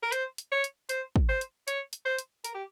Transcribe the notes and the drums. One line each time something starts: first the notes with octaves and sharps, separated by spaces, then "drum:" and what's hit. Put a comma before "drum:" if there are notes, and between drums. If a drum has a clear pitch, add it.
A#4
C5, drum: hi-hat
drum: hi-hat
C#5
drum: hi-hat
C5, drum: hi-hat
drum: kick
C5
drum: hi-hat
C#5, drum: hi-hat
drum: hi-hat
C5
drum: hi-hat
A#4, drum: hi-hat
G4